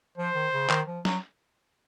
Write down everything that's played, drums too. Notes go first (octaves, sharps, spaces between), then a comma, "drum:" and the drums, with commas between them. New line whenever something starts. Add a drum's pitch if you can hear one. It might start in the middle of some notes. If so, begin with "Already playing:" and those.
F3 C5
D#3
C#3
D#3, drum: clap
F3
F#3, drum: snare